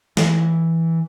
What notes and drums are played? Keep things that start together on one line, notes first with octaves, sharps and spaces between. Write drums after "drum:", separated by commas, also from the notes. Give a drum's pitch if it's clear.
E3, drum: snare